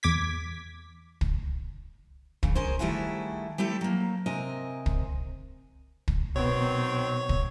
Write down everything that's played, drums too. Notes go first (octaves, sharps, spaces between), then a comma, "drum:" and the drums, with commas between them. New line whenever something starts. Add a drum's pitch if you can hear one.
E2 D6 G#6 B6
drum: kick
F2 C#3, drum: kick
C#4 G#4 A#4 C5
D#3 G3 A3 E4 F#4 G#4
G3 A3 C4 E4 G4 A4
F#3 A#3
C3 C4 A#4 D#5 G#5
drum: kick
drum: kick
B2 D#3 F#3 B3 C4 C#5
drum: kick